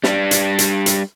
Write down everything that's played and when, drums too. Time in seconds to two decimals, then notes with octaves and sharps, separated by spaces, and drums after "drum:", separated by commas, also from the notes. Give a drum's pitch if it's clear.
0.04 G3 D4, drum: snare
0.31 drum: hi-hat
0.59 drum: hi-hat
0.86 drum: hi-hat